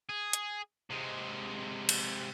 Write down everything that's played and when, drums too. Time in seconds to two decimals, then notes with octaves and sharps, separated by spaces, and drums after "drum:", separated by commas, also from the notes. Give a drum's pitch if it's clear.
0.09 G#4
0.33 drum: hi-hat
0.90 C3 G#3
1.89 drum: cymbal